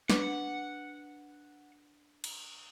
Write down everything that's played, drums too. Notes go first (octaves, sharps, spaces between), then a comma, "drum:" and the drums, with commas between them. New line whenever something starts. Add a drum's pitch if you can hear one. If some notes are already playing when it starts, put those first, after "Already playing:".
D4 B4 F#5, drum: snare
drum: cymbal